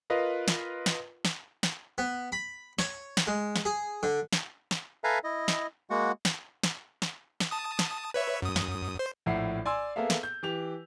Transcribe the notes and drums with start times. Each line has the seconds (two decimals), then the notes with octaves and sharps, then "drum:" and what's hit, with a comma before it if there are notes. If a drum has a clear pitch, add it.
0.10 F4 A#4 B4 D#5 F5
0.48 drum: snare
0.86 drum: snare
1.25 drum: snare
1.63 drum: snare
1.98 B3
2.32 B5
2.79 C#5, drum: snare
3.17 drum: snare
3.27 G#3
3.56 drum: snare
3.65 G#4
4.03 D3
4.33 drum: snare
4.71 drum: snare
5.04 A4 B4 E5 F5 G#5 A#5
5.24 E4 D#5
5.48 drum: snare
5.90 G#3 A#3 F#4 F#5
6.25 drum: snare
6.63 drum: snare
7.02 drum: snare
7.40 drum: snare
7.51 A5 D#6
7.79 drum: snare
8.14 B4 C#5 E5
8.42 F#2 D#6
8.56 drum: snare
8.99 C5
9.26 A#1 A2 E5 F#5 C7
9.66 D5 G#5 C6 E6
9.96 A#3 B3 G#4 A4 E5 F5
10.10 drum: snare
10.23 G6
10.43 E3 G4 F7